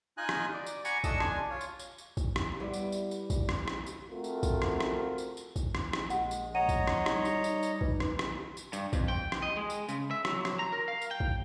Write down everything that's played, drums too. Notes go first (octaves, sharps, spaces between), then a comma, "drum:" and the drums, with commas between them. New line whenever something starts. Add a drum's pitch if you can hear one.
D#4 F4 D#5 G#5 F#6
drum: rim click
D5
drum: tambourine
F#5 G#5 A#5 B5 C#6, drum: tambourine
A3 D4 D#5 C#6 E6, drum: kick, tambourine
D4 G#5, drum: rim click
F4 C#5
drum: tambourine
drum: tambourine
drum: tambourine
drum: kick, tambourine
drum: rim click
G3 B3 E4
drum: tambourine
drum: tambourine
drum: tambourine
drum: kick, tambourine
drum: rim click
drum: rim click
drum: tambourine
A3 C4 F4 F#4 A#4
drum: tambourine
drum: kick, tambourine
drum: rim click
drum: rim click
drum: tambourine
drum: tambourine
drum: kick, tambourine
drum: rim click
drum: rim click
A#1 G#3 F#5, drum: tambourine
drum: tambourine
C#5 D#5 F#5 A#5 D#7
drum: kick, tambourine
drum: rim click
G3 D#4, drum: rim click
drum: tambourine
drum: tambourine
drum: tambourine
B4, drum: kick
drum: rim click
drum: rim click
drum: tambourine
G2, drum: tambourine
F2, drum: kick, tambourine
G5
drum: rim click
D#5
G#3
drum: tambourine
C#3, drum: tambourine
E5
F#3, drum: rim click
drum: rim click
A#5
A#4
F5
drum: tambourine
G5
drum: kick